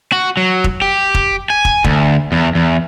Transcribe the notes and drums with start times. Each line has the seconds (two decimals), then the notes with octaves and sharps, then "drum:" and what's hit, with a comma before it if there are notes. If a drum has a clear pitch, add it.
0.12 F#4
0.37 F#3
0.64 drum: kick
0.82 G4
1.15 drum: kick
1.50 G#5
1.65 drum: kick
1.84 D2, drum: kick
2.32 E2
2.55 E2